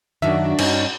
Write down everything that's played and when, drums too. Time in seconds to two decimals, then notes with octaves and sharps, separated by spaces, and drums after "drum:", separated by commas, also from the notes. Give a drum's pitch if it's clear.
0.22 F#2 D#3 D4 F#4 E5
0.59 G2 C#4 D#4, drum: cymbal